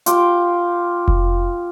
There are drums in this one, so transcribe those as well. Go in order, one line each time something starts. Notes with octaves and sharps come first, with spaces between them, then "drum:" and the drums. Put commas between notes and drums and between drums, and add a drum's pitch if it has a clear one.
F4 G4 G5, drum: hi-hat
drum: kick F1